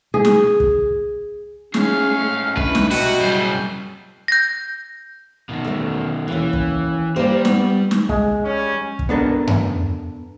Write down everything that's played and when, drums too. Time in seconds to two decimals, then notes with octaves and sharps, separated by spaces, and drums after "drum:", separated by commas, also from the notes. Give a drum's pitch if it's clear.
0.14 G#4
0.25 drum: snare
0.60 drum: kick
1.74 A2 C#4 G#4 F5, drum: snare
2.20 G#2 A3
2.57 D4 E4 B4, drum: kick
2.75 drum: snare
2.91 B2 C4 F#4 G4 F#5, drum: open hi-hat
3.20 F#2 C#3 G3 C5
4.28 G6 A#6
5.49 B2 D#3
5.65 E2 A3
6.28 D#2 E3 C#4
6.53 drum: kick
7.16 G3 A#3 G4 C5 D5
7.45 B3, drum: snare
7.91 drum: snare
8.09 G#3, drum: kick
8.43 G3 C#4
8.99 drum: kick
9.09 B3 D4 A4 A#4
9.47 drum: tom F2